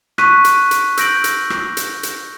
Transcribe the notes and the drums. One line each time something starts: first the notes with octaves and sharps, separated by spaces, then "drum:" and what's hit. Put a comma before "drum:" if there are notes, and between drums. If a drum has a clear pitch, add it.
C#6 F#6 B6 D#7, drum: rim click
drum: hi-hat
drum: hi-hat
E6 G6 A#6 D7 F#7, drum: hi-hat
drum: hi-hat
drum: rim click
drum: hi-hat
drum: hi-hat